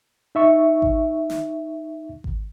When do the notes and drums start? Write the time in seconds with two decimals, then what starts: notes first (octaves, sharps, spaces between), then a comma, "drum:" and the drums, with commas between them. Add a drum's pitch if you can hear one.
0.35 D#4 E5 C#6
0.82 drum: kick G#1
1.30 drum: snare
2.24 drum: kick G#1